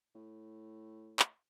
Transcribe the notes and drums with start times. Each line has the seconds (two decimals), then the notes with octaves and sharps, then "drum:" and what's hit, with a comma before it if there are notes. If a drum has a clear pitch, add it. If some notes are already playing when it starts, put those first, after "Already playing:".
0.15 A2
1.19 drum: clap